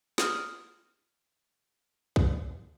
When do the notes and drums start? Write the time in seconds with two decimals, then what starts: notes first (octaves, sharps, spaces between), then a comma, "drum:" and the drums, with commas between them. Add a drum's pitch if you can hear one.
0.18 D#6 F6, drum: snare
2.16 drum: kick